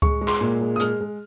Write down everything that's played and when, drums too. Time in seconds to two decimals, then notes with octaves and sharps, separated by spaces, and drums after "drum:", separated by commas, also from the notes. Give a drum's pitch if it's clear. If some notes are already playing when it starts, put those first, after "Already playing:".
0.02 G#3 C#6, drum: kick C#2
0.21 G#3
0.28 C6, drum: clap
0.41 A#2
0.61 G#3
0.76 D#6
0.80 G#3 F6, drum: hi-hat
1.01 G#3